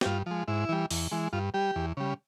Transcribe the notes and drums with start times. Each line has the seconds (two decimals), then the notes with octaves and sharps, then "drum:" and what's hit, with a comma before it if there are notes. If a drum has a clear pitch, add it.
0.01 G4, drum: snare
0.05 G2 F4
0.26 F3 G#3
0.48 G#2 E4
0.69 E3 G3
0.91 E2, drum: open hi-hat
1.11 E3 G#3
1.33 G2 F4
1.54 G3 G4
1.76 E2
1.97 C#3 G3